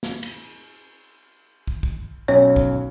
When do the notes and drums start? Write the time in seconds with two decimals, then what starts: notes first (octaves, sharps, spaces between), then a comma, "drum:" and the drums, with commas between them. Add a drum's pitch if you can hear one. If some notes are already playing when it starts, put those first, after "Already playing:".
0.03 drum: snare
0.23 drum: cymbal
1.67 drum: kick
1.83 drum: kick
2.28 B1 C#4 C#5
2.56 drum: kick